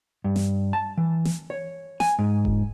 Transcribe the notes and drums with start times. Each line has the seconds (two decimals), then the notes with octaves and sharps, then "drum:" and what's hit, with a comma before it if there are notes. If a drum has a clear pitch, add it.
0.24 G2
0.36 drum: snare
0.73 A5
0.98 E3
1.25 drum: snare
1.50 C#5
2.00 G#5, drum: snare
2.19 G#2
2.45 drum: kick E1